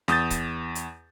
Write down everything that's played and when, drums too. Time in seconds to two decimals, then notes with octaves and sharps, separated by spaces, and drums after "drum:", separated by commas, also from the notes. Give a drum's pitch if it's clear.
0.08 E2 D#6 G6 A6, drum: snare
0.30 drum: kick C#1, hi-hat
0.75 drum: hi-hat